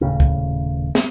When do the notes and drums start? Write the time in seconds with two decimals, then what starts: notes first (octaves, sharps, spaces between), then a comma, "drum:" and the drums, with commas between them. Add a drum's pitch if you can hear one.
0.01 D#1 A2 C#3 C#4
0.20 drum: kick
0.95 drum: snare